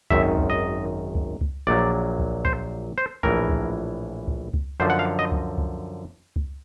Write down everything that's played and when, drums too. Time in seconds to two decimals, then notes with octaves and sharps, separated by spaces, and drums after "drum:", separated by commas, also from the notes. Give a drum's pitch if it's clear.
0.10 G#1 F#2 D#3 E5, drum: kick C#2
0.37 drum: kick C#2
0.50 D#5
1.15 drum: kick C#2
1.41 drum: kick C#2
1.67 A#1 A#2 F#3 D5
2.19 drum: kick C#2
2.45 C5, drum: kick C#2
2.98 C5
3.23 A#1 A2 E3 A#4, drum: kick C#2
3.49 drum: kick C#2
4.28 drum: kick C#2
4.54 drum: kick C#2
4.80 F#2 D3 F3 C5
4.90 F#5
4.99 F5
5.19 D#5
5.32 drum: kick C#2
5.58 drum: kick C#2
6.36 drum: kick C#2